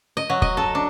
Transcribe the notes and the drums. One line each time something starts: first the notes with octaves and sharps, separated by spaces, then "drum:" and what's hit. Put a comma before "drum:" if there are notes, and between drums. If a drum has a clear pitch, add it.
D#5
F#3
D#5, drum: kick
A4
D4